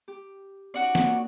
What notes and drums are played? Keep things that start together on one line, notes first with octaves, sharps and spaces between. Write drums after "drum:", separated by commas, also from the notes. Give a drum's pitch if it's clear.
G4
C#4 D#4 F#4 D5
A#3, drum: snare